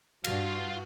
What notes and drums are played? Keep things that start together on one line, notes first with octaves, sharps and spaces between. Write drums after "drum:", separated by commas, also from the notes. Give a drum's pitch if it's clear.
G2 F4 F#4 F5, drum: cymbal